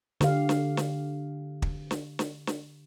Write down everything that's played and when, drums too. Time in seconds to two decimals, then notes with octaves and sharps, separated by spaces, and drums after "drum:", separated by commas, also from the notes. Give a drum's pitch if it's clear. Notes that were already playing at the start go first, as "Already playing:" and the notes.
0.21 D3 G4 F5, drum: snare
0.49 drum: snare
0.77 drum: snare
1.62 drum: kick
1.91 drum: snare
2.19 drum: snare
2.47 drum: snare